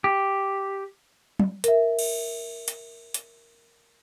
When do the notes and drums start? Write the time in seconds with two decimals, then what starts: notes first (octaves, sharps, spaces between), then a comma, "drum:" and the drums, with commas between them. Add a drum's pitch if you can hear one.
0.04 G4
1.39 drum: tom
1.64 A#4 E5, drum: hi-hat
1.99 drum: cymbal
2.68 drum: hi-hat
3.14 drum: hi-hat